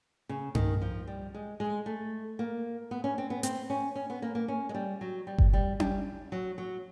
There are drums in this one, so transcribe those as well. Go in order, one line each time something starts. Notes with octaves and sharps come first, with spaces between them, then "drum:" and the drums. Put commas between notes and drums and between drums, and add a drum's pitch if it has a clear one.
C#3
D#3, drum: tom G2
F3
G3
G#3
G#3
A3
A#3
B3
C#4
C4
B3
C4, drum: hi-hat
C#4
C#4
B3
A#3
A#3
C#4
G#3
G3
F#3
G3
drum: kick G1
G3
G3, drum: tom C#4
F#3
F#3